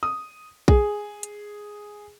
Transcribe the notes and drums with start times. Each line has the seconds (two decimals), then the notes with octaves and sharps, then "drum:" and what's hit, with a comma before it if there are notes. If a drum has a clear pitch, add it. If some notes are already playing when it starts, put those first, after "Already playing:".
0.03 D#6
0.68 G#4, drum: kick A#1
1.23 drum: hi-hat